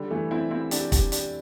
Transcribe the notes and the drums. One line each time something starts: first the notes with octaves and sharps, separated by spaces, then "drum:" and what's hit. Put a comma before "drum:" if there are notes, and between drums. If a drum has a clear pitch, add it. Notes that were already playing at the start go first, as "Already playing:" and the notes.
Already playing: D3 G3
E3 A3
C4 E4
C4 E4
D4 G4, drum: hi-hat
D4 G4, drum: kick, hi-hat
D4 G4, drum: hi-hat